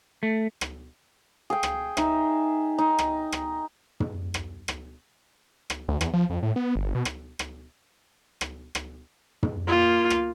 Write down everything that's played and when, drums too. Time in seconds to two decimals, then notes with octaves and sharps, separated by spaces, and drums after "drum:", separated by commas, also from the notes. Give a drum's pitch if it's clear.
0.23 A3
0.61 drum: rim click
1.50 G#4 G5
1.63 drum: rim click
1.97 D#4 E5, drum: rim click
2.78 D#4
2.99 drum: rim click
3.32 drum: rim click
4.00 drum: tom
4.34 drum: rim click
4.68 drum: rim click
5.70 drum: rim click
5.88 D2
6.01 E2, drum: rim click
6.13 F3
6.30 F2
6.43 A2
6.56 B3
6.76 G1
6.95 B2
7.05 drum: rim click
7.39 drum: rim click
8.41 drum: rim click
8.75 drum: rim click
9.43 drum: tom
9.68 A#3 F4
10.10 drum: rim click